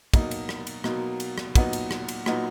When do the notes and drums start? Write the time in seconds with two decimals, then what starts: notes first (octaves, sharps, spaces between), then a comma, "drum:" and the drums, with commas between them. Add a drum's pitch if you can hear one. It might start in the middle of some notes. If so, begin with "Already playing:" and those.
0.14 B2 F#3 A#3 D#4, drum: kick, cymbal
0.31 drum: cymbal
0.49 drum: rim click
0.67 drum: cymbal
0.84 B2 F#3 A#3 D#4, drum: rim click
1.20 drum: cymbal
1.38 drum: rim click
1.55 A#2 F#3 B3 D#4, drum: kick, cymbal
1.73 drum: cymbal
1.91 drum: rim click
2.08 drum: cymbal
2.26 A#2 F#3 B3 D#4, drum: rim click